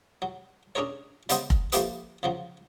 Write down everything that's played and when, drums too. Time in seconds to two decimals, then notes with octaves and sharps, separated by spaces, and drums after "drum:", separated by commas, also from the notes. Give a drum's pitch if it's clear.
0.22 F#3
0.75 C#4 D4 G#4 A#4 C#5
1.29 C#3 G3 B3 C5 D#5, drum: hi-hat
1.50 drum: kick F1
1.72 F3 A3 A#3 G4 B4 D#6, drum: hi-hat
2.23 C#3 F3 F#3